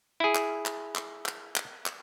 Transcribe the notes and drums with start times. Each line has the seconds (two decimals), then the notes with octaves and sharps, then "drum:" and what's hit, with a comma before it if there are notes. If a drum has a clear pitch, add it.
0.20 E4 G#4
0.35 drum: clap
0.66 drum: clap
0.96 drum: clap
1.26 drum: clap
1.56 drum: clap
1.86 drum: clap